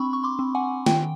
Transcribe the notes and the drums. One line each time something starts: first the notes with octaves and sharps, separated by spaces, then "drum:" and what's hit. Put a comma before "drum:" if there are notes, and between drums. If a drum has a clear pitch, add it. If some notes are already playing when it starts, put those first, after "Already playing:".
Already playing: C4 D4 B5 C#6
C#6
C6 D6
C4
F#5 G#5
D#3 G5, drum: snare